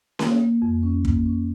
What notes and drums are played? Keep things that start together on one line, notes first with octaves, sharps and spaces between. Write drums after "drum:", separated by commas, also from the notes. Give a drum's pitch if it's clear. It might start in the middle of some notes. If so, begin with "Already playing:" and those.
A#3, drum: snare C#4
A#3
F2
C#4
A#3, drum: kick
C#4